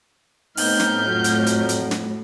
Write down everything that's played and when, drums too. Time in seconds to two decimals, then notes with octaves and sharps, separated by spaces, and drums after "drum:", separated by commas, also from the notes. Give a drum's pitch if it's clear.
0.57 A2 B3 C4 D#4 F6 G6, drum: open hi-hat
0.80 drum: snare
1.06 F2 F#3
1.24 drum: hi-hat
1.46 drum: hi-hat
1.69 drum: hi-hat
1.91 drum: snare